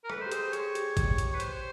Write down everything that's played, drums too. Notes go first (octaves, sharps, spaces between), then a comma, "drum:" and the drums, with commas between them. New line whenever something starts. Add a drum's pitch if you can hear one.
A#4
A4 B4, drum: rim click
C5
G4
G#4 C5, drum: hi-hat
C5
G#4 C#5, drum: hi-hat
G4, drum: hi-hat
drum: kick G#1, hi-hat
drum: hi-hat
B4
C5, drum: hi-hat